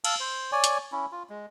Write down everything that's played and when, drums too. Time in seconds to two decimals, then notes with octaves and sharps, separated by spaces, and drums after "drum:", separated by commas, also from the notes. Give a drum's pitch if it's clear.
0.04 F5 A5 E6, drum: cymbal
0.20 C5
0.52 C#5 D5 G#5
0.64 drum: hi-hat
0.92 C#4 E4
1.12 F4
1.29 G#3